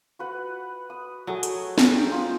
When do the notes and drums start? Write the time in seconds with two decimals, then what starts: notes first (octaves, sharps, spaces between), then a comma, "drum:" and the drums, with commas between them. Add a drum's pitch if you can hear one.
0.19 F#4 B4 F#5
0.90 D#6
1.27 F#3 A3 G#4 D#5
1.43 drum: hi-hat
1.78 drum: snare
1.98 D#4 G5
2.11 D#4 F4 D#5